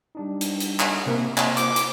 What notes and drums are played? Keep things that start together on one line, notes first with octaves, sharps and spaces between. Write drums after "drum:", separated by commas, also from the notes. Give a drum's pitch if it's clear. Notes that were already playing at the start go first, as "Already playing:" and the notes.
G3 D4 D#4
drum: hi-hat
drum: hi-hat
drum: clap
C3 A#3 C5
drum: clap
F4 C5 D6, drum: hi-hat
drum: hi-hat